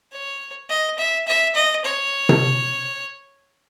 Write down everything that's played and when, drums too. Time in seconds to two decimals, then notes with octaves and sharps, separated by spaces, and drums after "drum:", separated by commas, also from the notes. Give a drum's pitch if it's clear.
0.12 C#5
0.69 D#5
0.98 E5
1.27 E5
1.55 D#5
1.85 C#5
2.29 drum: tom C3